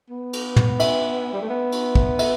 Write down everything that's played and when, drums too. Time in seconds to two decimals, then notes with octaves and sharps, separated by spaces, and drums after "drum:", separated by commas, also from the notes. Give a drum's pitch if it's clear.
0.11 B3
0.33 drum: cymbal
0.56 drum: tom
0.80 E5, drum: cymbal
1.33 G3
1.42 A3
1.49 B3
1.72 drum: cymbal
1.95 drum: kick
2.19 E5, drum: cymbal